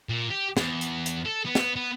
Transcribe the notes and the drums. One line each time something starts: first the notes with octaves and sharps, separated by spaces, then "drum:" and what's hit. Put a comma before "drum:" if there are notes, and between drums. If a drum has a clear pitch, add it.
A#2
G4
E2, drum: snare
drum: hi-hat
drum: hi-hat
A4
B3
drum: snare
B3